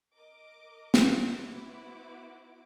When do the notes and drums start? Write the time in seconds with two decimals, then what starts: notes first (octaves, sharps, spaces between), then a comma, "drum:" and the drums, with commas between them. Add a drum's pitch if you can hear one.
0.14 A#4 D#5 D6
0.94 drum: snare
1.26 B3 E4 F#4 C5 D6